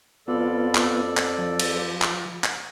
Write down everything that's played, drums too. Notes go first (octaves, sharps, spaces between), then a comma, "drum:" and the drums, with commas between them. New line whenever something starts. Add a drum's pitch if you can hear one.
F2 B3 F4 A4 D5
drum: clap
drum: clap
F3
drum: cymbal
drum: clap
drum: clap